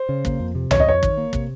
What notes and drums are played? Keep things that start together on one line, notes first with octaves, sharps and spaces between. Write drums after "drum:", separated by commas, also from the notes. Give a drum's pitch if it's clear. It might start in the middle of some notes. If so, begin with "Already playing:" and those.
Already playing: C5
C#3
A#3, drum: kick
F2
C3
F2 C#5, drum: tom C#2
D#5
F2 C#5
D#3, drum: kick
A#3
C3, drum: kick